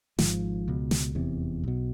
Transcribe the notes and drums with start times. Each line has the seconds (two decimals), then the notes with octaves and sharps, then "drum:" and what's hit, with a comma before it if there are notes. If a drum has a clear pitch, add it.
0.19 G#1 G#2 F3, drum: snare
0.68 C#2 B2
0.91 drum: snare
1.15 F1 E2 C3
1.64 B1 B2